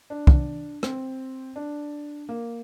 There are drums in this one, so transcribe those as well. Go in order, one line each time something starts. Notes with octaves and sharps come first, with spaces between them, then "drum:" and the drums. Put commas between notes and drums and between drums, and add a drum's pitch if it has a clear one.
D4
drum: kick
C4, drum: rim click
D4
A#3